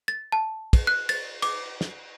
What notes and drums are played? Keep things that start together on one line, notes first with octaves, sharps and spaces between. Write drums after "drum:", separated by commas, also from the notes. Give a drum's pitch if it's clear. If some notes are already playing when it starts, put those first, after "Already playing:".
A6
A5
drum: kick, cymbal
F#6
A6, drum: cymbal
D6, drum: cymbal
drum: snare